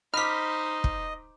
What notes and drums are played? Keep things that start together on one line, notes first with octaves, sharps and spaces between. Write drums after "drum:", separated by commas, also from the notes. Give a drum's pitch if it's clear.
D#4 C5 D#5 B5 D6 F6 B6
drum: kick